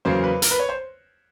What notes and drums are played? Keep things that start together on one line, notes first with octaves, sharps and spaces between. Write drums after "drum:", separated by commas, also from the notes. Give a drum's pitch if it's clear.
E2 C#3 F#3 A#3 C5
B4
A#4, drum: hi-hat
B4
C#5
C5